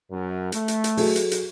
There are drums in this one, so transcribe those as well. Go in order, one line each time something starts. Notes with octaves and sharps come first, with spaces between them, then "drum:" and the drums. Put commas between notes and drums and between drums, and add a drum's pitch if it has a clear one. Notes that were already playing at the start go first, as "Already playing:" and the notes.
F#2
A3, drum: hi-hat
drum: hi-hat
drum: hi-hat
F#3 G#4 A4, drum: open hi-hat
drum: hi-hat
drum: hi-hat